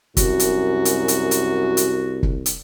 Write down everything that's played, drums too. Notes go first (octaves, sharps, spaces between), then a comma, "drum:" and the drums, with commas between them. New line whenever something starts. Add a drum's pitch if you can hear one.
C2 F#2 F#4, drum: kick, hi-hat
drum: hi-hat
drum: hi-hat
drum: hi-hat
drum: hi-hat
drum: hi-hat
drum: kick
drum: hi-hat